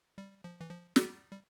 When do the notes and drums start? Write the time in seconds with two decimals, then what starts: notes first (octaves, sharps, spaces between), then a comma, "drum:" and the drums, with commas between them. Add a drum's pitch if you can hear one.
0.18 G3
0.44 F3
0.61 E3
0.71 F3
0.96 G3, drum: snare
1.32 G3